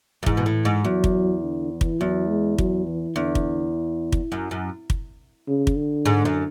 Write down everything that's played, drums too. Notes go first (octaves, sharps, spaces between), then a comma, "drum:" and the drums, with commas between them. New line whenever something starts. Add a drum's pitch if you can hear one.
F#2
G#2 E3, drum: kick
B2
A2
G#2
E2 F#3
drum: kick
D3
E3
drum: kick
E2 F#3
G#3
F#3, drum: kick
E3
E2 D3
drum: kick
drum: kick
F#2
F#2
drum: kick
C#3
drum: kick
D3
G#2
F#2